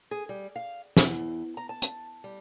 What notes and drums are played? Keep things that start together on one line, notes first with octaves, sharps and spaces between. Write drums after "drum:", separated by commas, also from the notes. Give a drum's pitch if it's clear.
G#4
G3
F5
E2, drum: snare
A#5
A5
drum: hi-hat
G3